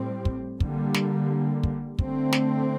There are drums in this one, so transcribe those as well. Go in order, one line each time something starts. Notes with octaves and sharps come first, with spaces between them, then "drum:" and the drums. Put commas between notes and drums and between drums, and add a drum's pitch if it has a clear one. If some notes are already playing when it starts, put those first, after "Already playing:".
Already playing: A2 G3 C4
drum: kick
D3 G3 A#3, drum: kick
drum: snare
drum: kick
D3 A3 C4, drum: kick
drum: snare